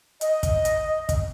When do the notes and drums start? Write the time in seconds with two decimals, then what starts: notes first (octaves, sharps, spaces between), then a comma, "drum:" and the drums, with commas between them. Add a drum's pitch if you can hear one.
0.21 D#5, drum: hi-hat
0.43 drum: kick, hi-hat
0.65 drum: hi-hat
1.09 drum: kick, hi-hat